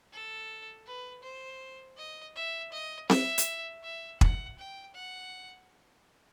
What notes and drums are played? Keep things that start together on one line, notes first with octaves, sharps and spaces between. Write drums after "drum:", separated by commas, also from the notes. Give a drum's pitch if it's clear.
A4
B4
C5
D#5
E5
D#5
E5, drum: snare C4
drum: hi-hat
E5
F#5, drum: kick
G5
F#5